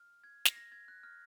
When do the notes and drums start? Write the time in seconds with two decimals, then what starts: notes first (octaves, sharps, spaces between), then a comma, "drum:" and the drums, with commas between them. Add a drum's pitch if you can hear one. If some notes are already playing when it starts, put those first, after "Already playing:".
Already playing: F6
0.24 G#6
0.45 A#6, drum: snare
0.56 A#6
0.72 G#6
0.88 F#6
1.03 F6